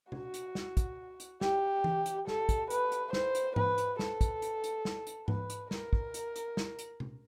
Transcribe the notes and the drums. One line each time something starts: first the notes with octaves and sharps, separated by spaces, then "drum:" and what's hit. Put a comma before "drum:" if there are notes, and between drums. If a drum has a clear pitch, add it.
F#4, drum: tom C3
drum: hi-hat
drum: snare
drum: kick, hi-hat
drum: hi-hat
G4, drum: snare
drum: tom E3
drum: hi-hat
A4, drum: snare
drum: kick, hi-hat
B4, drum: hi-hat
drum: hi-hat
C5, drum: snare
drum: hi-hat
B4, drum: tom G#2
drum: hi-hat
A4, drum: snare
drum: kick, hi-hat
drum: hi-hat
drum: hi-hat
drum: snare
drum: hi-hat
B4, drum: tom G#2
drum: hi-hat
A#4, drum: snare
drum: kick
drum: hi-hat
drum: hi-hat
drum: snare
drum: hi-hat
drum: tom C3